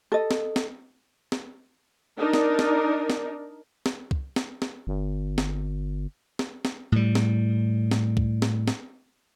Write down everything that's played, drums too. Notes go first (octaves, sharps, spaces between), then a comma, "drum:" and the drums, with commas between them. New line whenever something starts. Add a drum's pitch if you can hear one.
A4 D#5
drum: snare
drum: snare
drum: snare
D4 D#4 A#4
drum: snare
drum: snare
drum: snare
drum: snare
drum: kick C2
drum: snare
drum: snare
G1
drum: snare
drum: snare
drum: snare
A2 G3
drum: snare
drum: snare
drum: kick C2
drum: snare
drum: snare